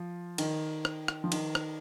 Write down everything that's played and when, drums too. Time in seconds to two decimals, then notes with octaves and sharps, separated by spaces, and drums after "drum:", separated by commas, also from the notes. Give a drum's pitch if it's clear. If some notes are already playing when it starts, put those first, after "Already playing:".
Already playing: F3
0.38 D#3, drum: cymbal
0.85 drum: rim click
1.08 drum: rim click
1.24 F3
1.32 D#3, drum: cymbal
1.55 drum: rim click